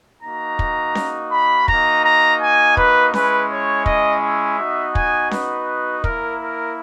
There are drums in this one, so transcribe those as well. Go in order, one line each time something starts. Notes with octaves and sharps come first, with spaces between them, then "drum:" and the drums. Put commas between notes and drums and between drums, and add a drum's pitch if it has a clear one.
A#3 D#4 F#4 A#5
drum: kick
drum: snare C#4
B5
A#3 D#4 F#4 A#5, drum: kick
A#5
G#5
B4, drum: kick
G#3 C#4 E4 B4, drum: snare C#4
C#5
D#5, drum: kick
E5
B3 D#4 F#4
G#5, drum: kick
B4, drum: snare C#4
A#3 E4 A#4, drum: kick
A#4